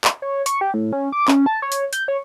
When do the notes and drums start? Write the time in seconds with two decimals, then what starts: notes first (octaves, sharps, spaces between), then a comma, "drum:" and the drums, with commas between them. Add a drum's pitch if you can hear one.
0.04 drum: clap
0.22 C#5
0.46 C#6, drum: hi-hat
0.61 G4
0.74 A2
0.93 C#4
1.12 D6
1.28 C#4, drum: clap
1.46 A5
1.62 C#5
1.72 drum: hi-hat
1.93 G6, drum: hi-hat
2.08 C#5